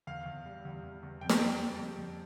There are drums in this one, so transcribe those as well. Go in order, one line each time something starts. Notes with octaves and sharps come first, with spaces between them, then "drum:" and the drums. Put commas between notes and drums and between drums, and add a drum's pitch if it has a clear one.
E2 F5
E2
G3
E2
E2
E2
F2 G5
A5, drum: snare
G3 G5
G3
F2
F2